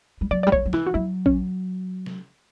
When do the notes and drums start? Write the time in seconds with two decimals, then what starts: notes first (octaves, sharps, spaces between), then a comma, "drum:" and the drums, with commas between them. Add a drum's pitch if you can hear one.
0.21 G3
0.31 F#3 D5
0.43 G3 D5
0.52 F#3 C#5, drum: kick A#1
0.65 F#3
0.73 E3 E4, drum: snare
0.87 F#4
0.94 F#3 E4
1.26 C#4, drum: kick A#1
2.06 drum: snare